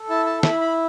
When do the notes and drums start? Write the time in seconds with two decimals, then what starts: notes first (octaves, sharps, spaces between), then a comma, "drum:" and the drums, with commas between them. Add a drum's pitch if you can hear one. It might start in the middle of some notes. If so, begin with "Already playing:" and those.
Already playing: A4
0.09 E4 A5
0.26 A5
0.43 E4 B5, drum: snare
0.61 B5